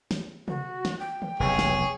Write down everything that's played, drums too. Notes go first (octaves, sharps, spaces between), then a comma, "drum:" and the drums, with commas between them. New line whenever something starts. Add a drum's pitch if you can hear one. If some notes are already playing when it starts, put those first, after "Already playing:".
drum: snare
F#4, drum: tom C3
drum: snare
G5
drum: tom
F1 B1 G#4 C#5
drum: snare